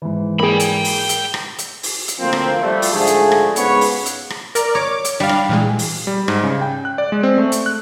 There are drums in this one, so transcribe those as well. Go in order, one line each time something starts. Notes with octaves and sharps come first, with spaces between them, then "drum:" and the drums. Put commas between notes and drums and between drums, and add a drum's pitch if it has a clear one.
G#2 E3
A#3 G#4 G5 B5
drum: hi-hat
drum: open hi-hat
drum: hi-hat
drum: rim click
drum: hi-hat
drum: open hi-hat
drum: hi-hat
D2 F3 A#3 C4
drum: rim click
F3 G3 A3
drum: open hi-hat
G#2 D3 F3 A3 G#4
drum: hi-hat
drum: rim click
G#2 C#3 B3 B4 C#5, drum: hi-hat
drum: open hi-hat
drum: hi-hat
drum: rim click
A#4 D5, drum: hi-hat
C#5 D6
drum: hi-hat
G3 D4 F5
drum: rim click
A#2 E3 G#3
drum: open hi-hat
G3
G#2, drum: rim click
C#3
G5
F#6
D5
G#3
C4
A3
drum: hi-hat
F#6